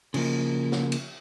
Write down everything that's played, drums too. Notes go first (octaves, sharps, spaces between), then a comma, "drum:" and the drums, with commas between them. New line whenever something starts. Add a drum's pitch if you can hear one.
C#3 F3 A#3, drum: cymbal
drum: snare
drum: cymbal